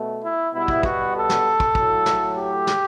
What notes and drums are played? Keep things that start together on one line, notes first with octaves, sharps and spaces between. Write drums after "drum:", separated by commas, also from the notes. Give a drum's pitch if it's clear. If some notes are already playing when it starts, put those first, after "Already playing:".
Already playing: B2 A3
E4
B2 G3 B3 E4
drum: kick
F#4, drum: kick
A4
drum: snare
drum: kick
A2 F#3 A3, drum: kick
drum: snare
G4
drum: snare